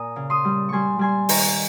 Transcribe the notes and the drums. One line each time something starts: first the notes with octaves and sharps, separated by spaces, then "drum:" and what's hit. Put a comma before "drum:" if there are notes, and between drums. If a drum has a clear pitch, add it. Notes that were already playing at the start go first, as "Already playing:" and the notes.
Already playing: A#2 G#5 A#5 D#6
C#3
C6 D#6
G3
G3 G#5 C6 C#6
G3 G#5 C6
D#3 A#5 C#6, drum: open hi-hat